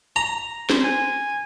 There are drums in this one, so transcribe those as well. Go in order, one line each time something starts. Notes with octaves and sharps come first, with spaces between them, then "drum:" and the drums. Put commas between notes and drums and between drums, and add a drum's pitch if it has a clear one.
A#5
C5, drum: snare
G#5